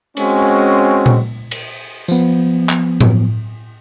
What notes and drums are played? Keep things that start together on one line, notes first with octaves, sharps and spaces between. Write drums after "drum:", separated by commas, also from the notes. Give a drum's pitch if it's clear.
G#3 C4 C#4 F#4, drum: cymbal
drum: tom A#2
drum: cymbal
F3 B3, drum: tambourine
drum: clap
drum: tom A2